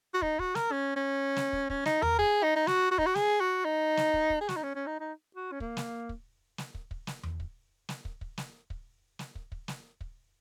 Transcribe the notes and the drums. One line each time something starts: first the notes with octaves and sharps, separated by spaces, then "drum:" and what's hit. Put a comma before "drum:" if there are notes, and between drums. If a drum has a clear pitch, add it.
F#4
D#4, drum: kick
F#4, drum: kick
A#4, drum: snare
C#4
C#4
drum: snare
drum: kick
C#4, drum: kick
D#4, drum: snare
A#4, drum: tom E2
G#4, drum: kick
D#4
D#4
F#4, drum: snare
F#4
D#4, drum: kick
F#4
G#4, drum: snare
F#4
D#4
drum: snare
drum: kick
drum: kick
G#4
F#4, drum: snare
D#4
C#4
C#4
D#4
D#4
F#4
C#4
A#3, drum: kick
drum: snare
drum: kick
drum: snare
drum: kick
drum: kick
drum: snare
drum: tom E2
drum: kick
drum: snare
drum: kick
drum: kick
drum: snare
drum: kick
drum: snare
drum: kick
drum: kick
drum: snare
drum: kick